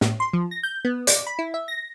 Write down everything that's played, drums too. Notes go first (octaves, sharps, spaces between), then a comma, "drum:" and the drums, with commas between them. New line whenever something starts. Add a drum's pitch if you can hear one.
A2, drum: snare
C6
F3
A#6
G6
B3
D5, drum: hi-hat
B5
E4
E5
A#6